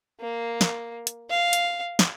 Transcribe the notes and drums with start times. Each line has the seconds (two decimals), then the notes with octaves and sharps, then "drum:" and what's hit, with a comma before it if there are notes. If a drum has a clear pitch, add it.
0.20 A#3
0.61 drum: snare
1.07 drum: hi-hat
1.30 F5
1.53 drum: hi-hat
1.99 drum: snare